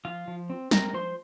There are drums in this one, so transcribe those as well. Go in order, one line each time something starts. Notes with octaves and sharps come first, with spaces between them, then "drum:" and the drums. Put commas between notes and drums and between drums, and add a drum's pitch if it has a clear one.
F3 F4 F5
F3
C4
C4 A#4 A#5, drum: snare
F3 C5 C6